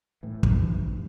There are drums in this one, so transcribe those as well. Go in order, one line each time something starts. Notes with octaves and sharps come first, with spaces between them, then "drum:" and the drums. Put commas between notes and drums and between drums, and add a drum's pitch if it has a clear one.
A2 E3
F1 E2 G2 F3, drum: kick